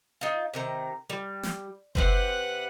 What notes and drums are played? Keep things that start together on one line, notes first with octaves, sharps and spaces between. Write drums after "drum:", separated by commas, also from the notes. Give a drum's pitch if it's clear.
D#4 F4
C3 D#3 A#5
G3
drum: snare
C3 G3 B4 C5 F#5, drum: kick F#1